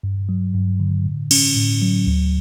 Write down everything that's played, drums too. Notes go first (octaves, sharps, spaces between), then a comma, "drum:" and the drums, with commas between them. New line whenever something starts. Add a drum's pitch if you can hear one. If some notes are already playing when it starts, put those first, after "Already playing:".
G2
F#3
G2
D3
A2
C#4, drum: cymbal
A2
F#3
D2